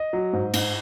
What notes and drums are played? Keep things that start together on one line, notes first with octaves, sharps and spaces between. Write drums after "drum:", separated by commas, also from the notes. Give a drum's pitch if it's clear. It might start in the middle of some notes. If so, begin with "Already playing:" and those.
Already playing: D#5
F#3
G#2
G#2, drum: cymbal